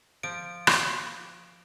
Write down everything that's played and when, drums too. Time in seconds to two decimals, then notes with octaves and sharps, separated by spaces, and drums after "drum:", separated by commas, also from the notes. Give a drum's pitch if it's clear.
0.23 F3 D7
0.67 drum: rim click